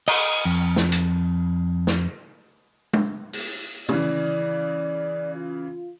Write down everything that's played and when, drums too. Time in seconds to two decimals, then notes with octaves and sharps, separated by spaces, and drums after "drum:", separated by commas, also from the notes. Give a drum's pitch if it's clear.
0.08 D#5, drum: cymbal
0.45 F2
0.76 drum: snare
0.92 drum: hi-hat
1.87 drum: snare
2.93 drum: tom
3.33 drum: open hi-hat
3.89 C#3 E3 D5, drum: tom
5.34 F4